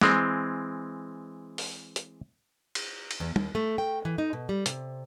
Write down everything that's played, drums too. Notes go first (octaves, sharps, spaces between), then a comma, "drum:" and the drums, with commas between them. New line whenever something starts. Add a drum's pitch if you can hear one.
E3 G#3 C4, drum: snare
drum: open hi-hat
drum: hi-hat
drum: cymbal
drum: cymbal
E2
D#2, drum: tom
A3
G5
E3
D#4
B2
G3
C3, drum: hi-hat